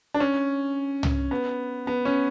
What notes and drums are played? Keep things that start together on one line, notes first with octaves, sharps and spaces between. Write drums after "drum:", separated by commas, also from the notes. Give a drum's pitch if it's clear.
D4
C#4
drum: tom
B3
B3
C#4